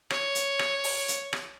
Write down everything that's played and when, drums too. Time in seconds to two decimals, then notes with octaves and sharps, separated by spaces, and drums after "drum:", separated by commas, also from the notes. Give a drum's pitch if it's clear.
0.10 C#5, drum: rim click
0.35 drum: hi-hat
0.59 drum: rim click
0.84 drum: open hi-hat
1.08 drum: hi-hat
1.33 drum: rim click